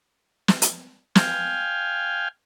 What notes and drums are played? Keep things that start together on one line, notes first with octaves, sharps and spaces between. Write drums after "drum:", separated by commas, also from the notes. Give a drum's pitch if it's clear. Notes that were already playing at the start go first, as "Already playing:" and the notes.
drum: snare
drum: hi-hat
F5 G5 G#5, drum: snare